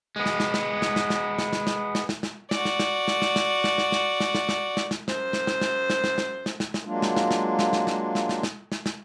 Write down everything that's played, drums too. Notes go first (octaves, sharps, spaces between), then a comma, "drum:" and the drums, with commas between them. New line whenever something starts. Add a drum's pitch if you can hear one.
G#3 B3
drum: snare
drum: snare
drum: snare
drum: snare
drum: snare
drum: snare
drum: snare
drum: snare
drum: snare
drum: snare
drum: snare
drum: snare
F#4 D5, drum: snare
drum: snare
drum: snare
drum: snare
drum: snare
drum: snare
drum: snare
drum: snare
drum: snare
drum: snare
drum: snare
drum: snare
drum: snare
drum: snare
F#2 C5, drum: snare
drum: snare
drum: snare
drum: snare
drum: snare
drum: snare
drum: snare
drum: snare
drum: snare
drum: snare
F#3 G#3 A#3 D4 F4
drum: snare
drum: snare
drum: snare
drum: snare
drum: snare
drum: snare
drum: snare
drum: snare
drum: snare
drum: snare
drum: snare